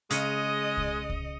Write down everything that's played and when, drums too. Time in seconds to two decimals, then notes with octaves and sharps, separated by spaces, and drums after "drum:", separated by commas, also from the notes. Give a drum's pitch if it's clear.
0.11 C#3 G#3 D#5 D#6 C#7 D#7, drum: hi-hat
0.77 drum: kick C2
1.09 drum: kick C2